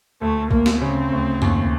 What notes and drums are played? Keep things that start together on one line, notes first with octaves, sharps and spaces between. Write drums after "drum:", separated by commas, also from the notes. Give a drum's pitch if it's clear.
D2 A3
D2 A#3, drum: kick A#1
drum: snare
C#3 C4
D2
D#2, drum: tom F#2